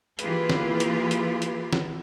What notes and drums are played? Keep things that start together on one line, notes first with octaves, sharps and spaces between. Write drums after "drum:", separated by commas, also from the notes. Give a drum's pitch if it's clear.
E3 A#3 F4 G4 G#4 B4, drum: hi-hat
drum: snare
drum: hi-hat
drum: hi-hat
drum: hi-hat
drum: snare